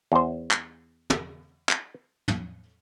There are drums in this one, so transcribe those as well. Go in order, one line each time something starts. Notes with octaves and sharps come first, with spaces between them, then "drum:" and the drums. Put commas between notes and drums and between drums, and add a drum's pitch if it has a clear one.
E2 C5
drum: clap
drum: tom
drum: clap
drum: tom